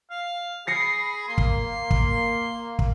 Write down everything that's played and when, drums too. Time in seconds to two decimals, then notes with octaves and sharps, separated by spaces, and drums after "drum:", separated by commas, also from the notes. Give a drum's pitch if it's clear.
0.10 F5
0.67 G#4 B5 A#6 C7 C#7
1.28 A#3 C6
1.38 drum: kick
1.91 drum: kick
2.79 drum: kick